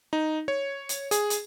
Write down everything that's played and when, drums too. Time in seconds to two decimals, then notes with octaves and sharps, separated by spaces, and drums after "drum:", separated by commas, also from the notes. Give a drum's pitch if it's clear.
0.13 D#4
0.48 C#5
0.89 drum: hi-hat
1.11 G#4, drum: hi-hat
1.30 drum: hi-hat